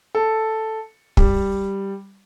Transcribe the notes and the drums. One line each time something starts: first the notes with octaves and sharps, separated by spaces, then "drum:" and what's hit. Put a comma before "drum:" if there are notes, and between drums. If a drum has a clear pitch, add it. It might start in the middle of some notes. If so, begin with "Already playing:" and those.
A4
G3, drum: kick